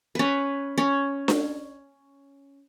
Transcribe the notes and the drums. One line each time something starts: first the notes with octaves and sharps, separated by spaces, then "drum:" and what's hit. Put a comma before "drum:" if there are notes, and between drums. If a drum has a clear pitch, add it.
C#4 B4
C#4
drum: snare D4